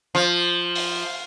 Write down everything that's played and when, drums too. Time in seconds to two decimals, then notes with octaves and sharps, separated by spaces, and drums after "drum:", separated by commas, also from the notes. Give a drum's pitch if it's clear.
0.15 F3
0.75 drum: open hi-hat